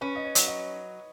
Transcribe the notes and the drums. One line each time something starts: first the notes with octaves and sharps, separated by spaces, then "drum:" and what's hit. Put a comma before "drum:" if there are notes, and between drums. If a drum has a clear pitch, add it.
C#4 B4
D#5
C#5
F#3, drum: hi-hat
D#5